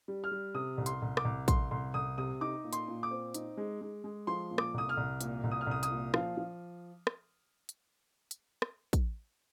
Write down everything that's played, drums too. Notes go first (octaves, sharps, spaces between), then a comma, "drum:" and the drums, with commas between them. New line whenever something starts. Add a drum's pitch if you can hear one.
G3
F6
G3
C3 D#6
C2
C6, drum: hi-hat
C2
D6, drum: rim click
C2
C2 C6, drum: kick, hi-hat
C2 C6
C2 D#6
C3 D#6
D#4 D6
A#2
C6, drum: hi-hat
A#2
D6
C4
D#4, drum: hi-hat
G#3
G#3
G#3
F3 C6
A#2
D6, drum: rim click
C2 D#6
F6
C2
A#2, drum: hi-hat
C2
D#6
F6
C2 D#6
D#6, drum: hi-hat
A#2
F3 F5, drum: rim click
F3
drum: rim click
drum: hi-hat
drum: hi-hat
drum: rim click
drum: kick, hi-hat